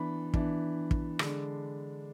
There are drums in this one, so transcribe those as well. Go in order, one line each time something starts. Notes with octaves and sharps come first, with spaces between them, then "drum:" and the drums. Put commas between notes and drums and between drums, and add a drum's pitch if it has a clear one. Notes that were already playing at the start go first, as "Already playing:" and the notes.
Already playing: E3 B3 D4 B5
E3 B3 D4, drum: kick
drum: kick
D3 G#3 D4, drum: rim click